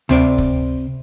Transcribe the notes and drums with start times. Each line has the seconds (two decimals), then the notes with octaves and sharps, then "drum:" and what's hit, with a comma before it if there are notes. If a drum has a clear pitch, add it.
0.09 C3 C4 D5, drum: tom D2
0.38 drum: kick